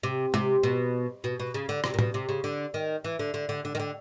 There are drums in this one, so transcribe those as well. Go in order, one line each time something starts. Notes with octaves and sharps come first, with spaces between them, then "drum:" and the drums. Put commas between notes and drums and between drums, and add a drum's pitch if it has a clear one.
C3
C3, drum: tom
B2
B2
B2
C#3
D3
C3, drum: rim click
A#2
B2, drum: tom A2
C3
C#3
D3
D#3
E3
D3
D3
D3
D3
D#3
D3